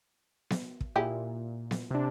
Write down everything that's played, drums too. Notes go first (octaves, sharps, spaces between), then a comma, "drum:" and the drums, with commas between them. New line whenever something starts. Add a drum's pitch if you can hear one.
drum: snare B3
drum: kick
A#2 E4 G4 G#4
drum: snare B3
C3 D4